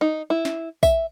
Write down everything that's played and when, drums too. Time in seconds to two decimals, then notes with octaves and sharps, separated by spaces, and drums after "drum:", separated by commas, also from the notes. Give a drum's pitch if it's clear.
0.01 D#4
0.30 E4
0.45 drum: snare
0.83 E5, drum: kick, tambourine